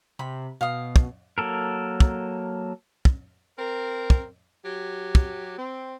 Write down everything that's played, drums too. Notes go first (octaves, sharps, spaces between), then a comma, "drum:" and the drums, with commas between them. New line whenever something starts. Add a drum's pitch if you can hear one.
C3 B5
B2 F5 D#6
drum: kick
F#3 A#3 A4 A#4
drum: kick
drum: kick
C4 A#4
drum: kick
F#3 G4
drum: kick
C4